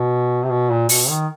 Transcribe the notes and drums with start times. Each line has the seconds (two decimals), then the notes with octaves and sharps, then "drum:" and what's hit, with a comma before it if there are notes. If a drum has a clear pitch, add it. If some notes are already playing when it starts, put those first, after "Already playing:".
Already playing: B2
0.43 C3
0.50 B2
0.70 A#2
0.89 B2, drum: open hi-hat
1.10 D#3